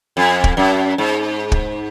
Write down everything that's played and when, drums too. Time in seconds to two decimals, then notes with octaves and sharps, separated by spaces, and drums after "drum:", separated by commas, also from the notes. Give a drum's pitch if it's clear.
0.17 F2
0.44 drum: kick
0.57 F#2
0.98 G#2
1.52 drum: kick